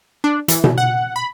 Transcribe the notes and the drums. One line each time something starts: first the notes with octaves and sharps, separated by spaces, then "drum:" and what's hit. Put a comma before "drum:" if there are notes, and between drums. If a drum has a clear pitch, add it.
D4
E3, drum: hi-hat
drum: tom B2
F#5
B5